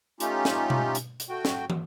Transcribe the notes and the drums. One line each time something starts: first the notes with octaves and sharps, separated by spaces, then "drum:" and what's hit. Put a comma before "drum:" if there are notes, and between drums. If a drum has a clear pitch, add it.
A3 C#4 D#4 F4 G4, drum: hi-hat
drum: snare
drum: tom B2
drum: hi-hat
drum: hi-hat
A3 F#4 G5
drum: snare
drum: tom